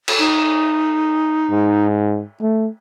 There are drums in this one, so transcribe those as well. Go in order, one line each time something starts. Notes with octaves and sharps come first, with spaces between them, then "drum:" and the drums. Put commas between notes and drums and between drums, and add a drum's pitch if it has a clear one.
drum: cymbal
D#4
G#2
A3